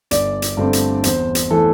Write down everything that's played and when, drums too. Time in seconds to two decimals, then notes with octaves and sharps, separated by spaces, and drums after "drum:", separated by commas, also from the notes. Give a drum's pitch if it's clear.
0.11 G1 D5, drum: hi-hat
0.42 drum: hi-hat
0.57 G2 D3 A3 C4
0.73 drum: hi-hat
1.04 E2 C5, drum: hi-hat
1.35 drum: hi-hat
1.50 E3 A3 A4